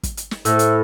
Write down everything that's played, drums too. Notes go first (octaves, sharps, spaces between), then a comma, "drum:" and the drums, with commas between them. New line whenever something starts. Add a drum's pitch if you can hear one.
drum: kick, hi-hat
drum: hi-hat
drum: snare
A2 C5 E5 E6, drum: hi-hat
drum: hi-hat